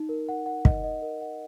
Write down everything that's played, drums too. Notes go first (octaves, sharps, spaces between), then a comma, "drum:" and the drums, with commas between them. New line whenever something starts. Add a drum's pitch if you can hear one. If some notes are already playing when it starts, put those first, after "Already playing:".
Already playing: D#4
A#4
F#5
F#5
D#5, drum: kick
D#5
A#4
F#5